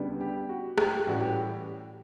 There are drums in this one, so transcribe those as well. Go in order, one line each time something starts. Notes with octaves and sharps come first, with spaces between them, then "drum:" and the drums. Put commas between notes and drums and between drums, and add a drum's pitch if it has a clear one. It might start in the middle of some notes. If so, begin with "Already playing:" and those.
Already playing: D2 C#3 G3 B3 D4
G4
F#4
G4, drum: rim click
A2 E3 G3 C#4 F#4
G4